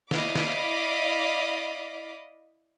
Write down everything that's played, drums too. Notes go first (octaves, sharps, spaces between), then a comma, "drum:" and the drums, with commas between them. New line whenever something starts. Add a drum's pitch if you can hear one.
E4 D5 D#5 F5 B5 D6, drum: snare
drum: snare